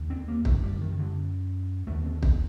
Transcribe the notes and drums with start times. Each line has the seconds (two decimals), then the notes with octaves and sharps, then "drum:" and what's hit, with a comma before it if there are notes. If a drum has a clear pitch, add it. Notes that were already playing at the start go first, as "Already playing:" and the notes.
Already playing: D#2 D3
0.10 C4
0.28 A#3
0.45 F#2 D3 A3, drum: kick
0.63 G3
0.81 D#3
0.92 D#3
0.99 D3
1.87 D#2 D3 A3
2.05 C4
2.23 C4, drum: kick